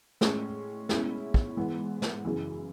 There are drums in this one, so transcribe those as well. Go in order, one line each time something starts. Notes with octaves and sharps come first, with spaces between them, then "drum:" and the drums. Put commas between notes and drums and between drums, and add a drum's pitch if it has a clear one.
A2 G#3 C#4, drum: snare
B2 G#3 C#4 E4, drum: snare
drum: kick
G#2 E3 B3
drum: snare
F#2 C#3 E3